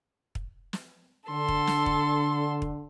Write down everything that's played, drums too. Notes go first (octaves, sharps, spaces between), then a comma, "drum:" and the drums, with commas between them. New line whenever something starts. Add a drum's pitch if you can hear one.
drum: kick
drum: snare
D3 A4 C6
drum: kick
drum: snare
drum: kick
drum: kick